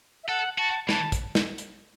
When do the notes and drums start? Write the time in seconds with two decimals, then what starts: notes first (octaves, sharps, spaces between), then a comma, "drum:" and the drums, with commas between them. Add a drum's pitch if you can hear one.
0.24 E5
0.28 A4 F#5
0.58 F#4 A5
0.89 E3 A5, drum: snare
1.12 drum: kick, hi-hat
1.35 drum: snare
1.58 drum: hi-hat